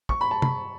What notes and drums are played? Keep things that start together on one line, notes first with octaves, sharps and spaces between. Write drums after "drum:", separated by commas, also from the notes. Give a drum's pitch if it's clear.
C#6, drum: kick
B5
A5
B5, drum: tom